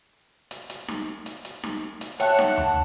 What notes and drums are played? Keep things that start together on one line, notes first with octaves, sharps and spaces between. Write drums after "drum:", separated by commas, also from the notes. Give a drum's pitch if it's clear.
drum: hi-hat
drum: hi-hat
drum: snare D#4
drum: hi-hat
drum: hi-hat
drum: snare D#4
drum: hi-hat
C#5 E5 F#5 G5 A5 F#6, drum: hi-hat
drum: snare D#4
drum: tom D#2